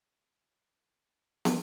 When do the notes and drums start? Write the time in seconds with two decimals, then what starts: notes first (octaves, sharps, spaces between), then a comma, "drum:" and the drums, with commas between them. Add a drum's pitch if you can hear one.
0.08 B2 F#4 G#4 E5
1.45 drum: snare